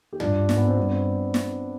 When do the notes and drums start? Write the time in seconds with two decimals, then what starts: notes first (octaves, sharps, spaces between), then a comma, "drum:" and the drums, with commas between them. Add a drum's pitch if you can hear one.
0.13 G4
0.20 G2 D4 F4, drum: tom
0.49 G#2, drum: snare
0.56 B3
0.66 C4
0.77 G2 B3 D4
0.91 C4
1.34 drum: snare